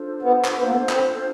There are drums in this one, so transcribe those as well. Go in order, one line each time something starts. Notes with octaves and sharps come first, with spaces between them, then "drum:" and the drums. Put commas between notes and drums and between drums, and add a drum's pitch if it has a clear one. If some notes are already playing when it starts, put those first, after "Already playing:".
Already playing: D4 F4 A4 C5
B3
drum: clap
B3
A#3
B3
C4, drum: clap